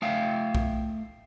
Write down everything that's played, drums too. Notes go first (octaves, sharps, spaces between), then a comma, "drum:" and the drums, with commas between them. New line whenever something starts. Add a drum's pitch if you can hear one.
A3 E5 F5 G5
drum: kick B1